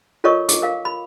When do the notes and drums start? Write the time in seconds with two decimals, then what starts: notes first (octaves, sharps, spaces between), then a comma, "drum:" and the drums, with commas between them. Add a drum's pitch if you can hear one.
0.24 F4 A4 A#4 C#5 D#5 C#6
0.49 D6, drum: hi-hat
0.62 A#4 F5
0.85 B5